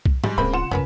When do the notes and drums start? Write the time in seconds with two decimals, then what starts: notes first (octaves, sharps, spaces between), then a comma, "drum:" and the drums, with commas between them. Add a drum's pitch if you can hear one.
0.06 drum: kick B1
0.24 G#2 G3 G#3, drum: tom G#2
0.38 D1 C#3 G#3 A#3 C4 B5
0.53 F4 F#5 E7
0.71 C#2 F#2 C#3 C#4 A#4 B4